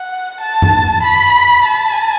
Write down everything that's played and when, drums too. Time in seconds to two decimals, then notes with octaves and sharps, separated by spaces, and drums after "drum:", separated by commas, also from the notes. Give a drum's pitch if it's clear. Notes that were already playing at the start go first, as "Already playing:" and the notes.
Already playing: F#5
0.40 A5
0.62 drum: tom F#2
1.03 B5
1.65 A5